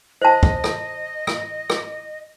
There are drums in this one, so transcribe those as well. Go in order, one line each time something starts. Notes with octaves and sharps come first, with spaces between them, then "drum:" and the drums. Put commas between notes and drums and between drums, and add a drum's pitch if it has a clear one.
C5 D#5 A5
drum: kick
drum: rim click
drum: rim click
drum: rim click